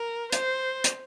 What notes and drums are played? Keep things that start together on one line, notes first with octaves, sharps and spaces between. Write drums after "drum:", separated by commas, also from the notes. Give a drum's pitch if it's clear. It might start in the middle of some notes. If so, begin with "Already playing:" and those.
Already playing: A#4
C5, drum: hi-hat
drum: hi-hat